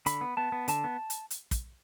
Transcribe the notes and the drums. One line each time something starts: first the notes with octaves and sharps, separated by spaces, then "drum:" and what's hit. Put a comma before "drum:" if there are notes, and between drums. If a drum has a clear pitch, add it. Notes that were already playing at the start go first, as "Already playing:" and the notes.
D3 B5, drum: hi-hat
B3
B3 A5
B3
D3 A5, drum: hi-hat
B3
drum: hi-hat
drum: hi-hat
drum: kick, hi-hat